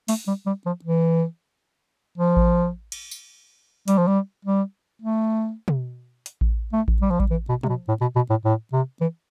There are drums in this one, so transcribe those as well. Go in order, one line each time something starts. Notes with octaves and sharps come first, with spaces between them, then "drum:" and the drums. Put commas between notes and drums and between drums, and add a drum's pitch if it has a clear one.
A3, drum: open hi-hat
G3
G3
F3
E3
F3
drum: kick A1
drum: cymbal
drum: tambourine
G3, drum: hi-hat
F3
G3
G3
A3
drum: tom
drum: hi-hat
drum: kick A1
A3
drum: kick A1
G3
F3
G3, drum: kick A1
E3
B2
C3, drum: tom F3
B2
A2
B2
B2
A2
A2
C3
E3